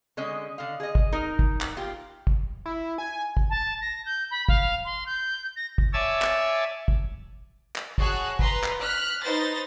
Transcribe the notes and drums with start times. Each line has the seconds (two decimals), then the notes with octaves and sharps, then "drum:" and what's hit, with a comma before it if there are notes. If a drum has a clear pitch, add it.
0.17 D3 G#3 C#4 D#5
0.58 D3 F5
0.80 G#4 D#5
0.95 drum: kick
1.12 D#4 A#4
1.39 drum: kick
1.61 drum: clap
1.77 A#3 F4 G4
2.27 drum: kick
2.66 E4
2.98 G#5
3.37 drum: kick
3.49 A5
3.81 A#6
4.05 G6
4.31 B5
4.49 F5, drum: kick
4.85 C6
5.06 G6
5.56 A#6
5.78 drum: kick
5.93 C#5 D5 E5 G#5 A5 E6
6.22 drum: clap
6.88 drum: kick
7.76 drum: clap
7.98 F#4 G#4 C#5 A5 F#6, drum: kick
8.39 B4 A#5 C6, drum: kick
8.64 drum: clap
8.81 F6 F#6 B6
9.22 D#4 B4 C5 A6 A#6